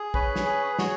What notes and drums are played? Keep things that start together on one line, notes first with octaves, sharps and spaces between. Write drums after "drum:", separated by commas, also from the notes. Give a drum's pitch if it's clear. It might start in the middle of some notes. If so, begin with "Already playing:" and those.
Already playing: G#4
C#4 B4, drum: kick
drum: snare
G#4
F#4 C#5, drum: snare